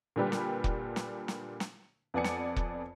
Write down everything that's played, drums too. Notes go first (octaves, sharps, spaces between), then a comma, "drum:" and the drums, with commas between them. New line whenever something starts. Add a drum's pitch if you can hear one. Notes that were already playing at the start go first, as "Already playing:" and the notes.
A#2 D3 G3 D4 G4 B4
drum: snare
drum: kick
drum: snare
drum: snare
drum: snare
F2 B3 D5 G#5 C#7
drum: snare
drum: kick